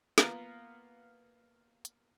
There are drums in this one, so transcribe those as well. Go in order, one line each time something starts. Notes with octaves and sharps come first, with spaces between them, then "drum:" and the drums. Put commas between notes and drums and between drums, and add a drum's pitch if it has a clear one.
A#3 B3 F4 A#4, drum: snare
drum: hi-hat